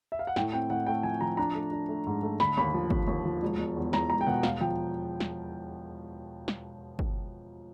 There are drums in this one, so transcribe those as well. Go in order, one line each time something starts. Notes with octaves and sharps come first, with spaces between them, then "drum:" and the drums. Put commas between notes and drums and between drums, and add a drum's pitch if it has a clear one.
E5
F5
F#5
A2 G5, drum: snare
C4 G5
A2 F#5
A3 G5
F3 G#5
F3 A#5
D4 A#5
A3
D4
A3
G#2
A3
D3 B5, drum: snare
D#2 B5
F3
D#2, drum: kick
D#2
F3
E1
E1
E2
E2 A#5, drum: snare
E1 A#5
G5
B2 F#5
E1 F5, drum: snare
F3 G5
drum: snare
drum: snare
drum: kick